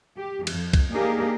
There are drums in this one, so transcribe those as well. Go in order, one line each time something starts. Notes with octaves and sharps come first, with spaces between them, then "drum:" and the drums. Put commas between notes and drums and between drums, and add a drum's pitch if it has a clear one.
G4
F2, drum: cymbal
drum: kick C2, cymbal
A#3 D4 D#4 G4 G#4 A#4